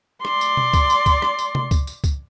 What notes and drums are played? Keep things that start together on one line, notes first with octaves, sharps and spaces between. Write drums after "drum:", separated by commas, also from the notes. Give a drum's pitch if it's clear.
D5 C6, drum: rim click
drum: tambourine
drum: tom B2
drum: kick C#2, tambourine
drum: tambourine
drum: kick C#2, tambourine
drum: rim click
drum: tambourine
drum: tom C3
drum: kick C#2, tambourine
drum: tambourine
drum: kick C#2, tambourine